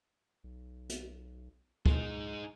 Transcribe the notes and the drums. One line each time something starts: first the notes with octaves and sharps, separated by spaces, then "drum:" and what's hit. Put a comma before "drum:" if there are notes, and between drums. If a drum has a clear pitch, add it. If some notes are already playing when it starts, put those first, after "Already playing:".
B1
drum: hi-hat
C#2 G#3 D#4, drum: kick D2